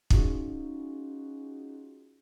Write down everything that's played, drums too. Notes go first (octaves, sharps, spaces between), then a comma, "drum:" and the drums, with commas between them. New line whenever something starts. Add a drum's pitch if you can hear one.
C#4 D#4 F4 F#4 G#4, drum: kick